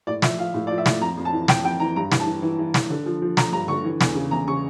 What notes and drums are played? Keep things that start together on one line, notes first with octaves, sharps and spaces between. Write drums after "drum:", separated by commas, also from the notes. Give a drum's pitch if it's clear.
A2 D5
F3 E5, drum: snare
F3 F5
A2
F3 D5
E5
A2, drum: snare
F2 A#5
F2
A5
E3
F2 G5, drum: snare
F2 G5
E3 A#5
G2 A#5
E3, drum: snare
A5
E3
E3
E3
E3, drum: snare
D3
F3
F3
F3 A#5, drum: snare
G2 A#5
D3 C#6
E3
E2, drum: snare
C#3
E2 A#5
C#3 C#6